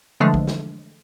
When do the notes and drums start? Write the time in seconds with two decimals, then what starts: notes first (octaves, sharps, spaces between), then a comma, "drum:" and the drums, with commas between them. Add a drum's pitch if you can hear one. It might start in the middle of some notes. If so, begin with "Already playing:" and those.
0.20 D3 E3 F3 G#3 A3 D4
0.34 drum: kick
0.47 drum: snare